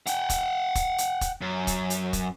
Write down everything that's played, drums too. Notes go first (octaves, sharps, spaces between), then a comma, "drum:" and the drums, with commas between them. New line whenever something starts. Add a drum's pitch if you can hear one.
F#5 G5, drum: hi-hat
drum: kick, hi-hat
drum: kick, hi-hat
drum: hi-hat
drum: kick, hi-hat
F#2
drum: kick, hi-hat
drum: hi-hat
drum: kick, hi-hat